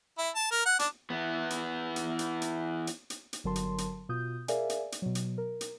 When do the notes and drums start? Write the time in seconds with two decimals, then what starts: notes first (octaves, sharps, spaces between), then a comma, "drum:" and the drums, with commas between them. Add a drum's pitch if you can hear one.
0.18 E4
0.35 A5
0.51 A#4
0.66 F#5
0.79 D4, drum: hi-hat
1.10 E3 B3
1.50 drum: hi-hat
1.96 drum: hi-hat
2.19 drum: hi-hat
2.42 drum: hi-hat
2.87 drum: hi-hat
3.10 drum: hi-hat
3.33 drum: hi-hat
3.44 G1 D3 F#3 A#4 A5 C6
3.56 drum: hi-hat
3.78 drum: hi-hat
4.09 B2 F4 D#6 G6
4.48 G#4 A#4 D5 E5 F5 G#5, drum: hi-hat
4.70 drum: hi-hat
4.92 drum: hi-hat
5.02 B2 F#3
5.15 drum: hi-hat
5.38 A#4
5.61 drum: hi-hat